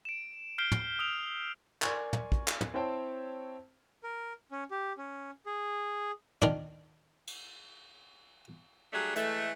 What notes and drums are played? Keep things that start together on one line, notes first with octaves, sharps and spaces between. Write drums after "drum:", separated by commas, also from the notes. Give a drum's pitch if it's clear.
D7 E7
F6 G6 B6 C7 D7 G7
drum: tom
D#6 E6 D7 F7
A#4 D5 G#5 C6 C#6 G#6, drum: clap
drum: tom
drum: kick
drum: clap
drum: tom
C4 E4 C5 C#5 G5 A5
A#4
C#4
G4
C#4
G#4
D#3 D4, drum: tom
drum: cymbal
F#3 G3 A3 D4 G#4
E3 G#3 A3, drum: hi-hat